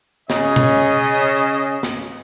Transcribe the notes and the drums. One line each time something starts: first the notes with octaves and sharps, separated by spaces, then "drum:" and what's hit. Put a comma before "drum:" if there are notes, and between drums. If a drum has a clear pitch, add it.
C#3 C#4 D#5, drum: snare
drum: tom B2
drum: snare